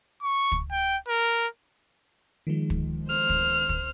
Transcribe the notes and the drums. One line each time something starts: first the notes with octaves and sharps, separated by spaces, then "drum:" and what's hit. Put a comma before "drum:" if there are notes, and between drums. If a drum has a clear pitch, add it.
C#6
drum: kick
G5
A#4
D#3 F3 G#3
drum: kick
C5 F6
drum: kick
drum: kick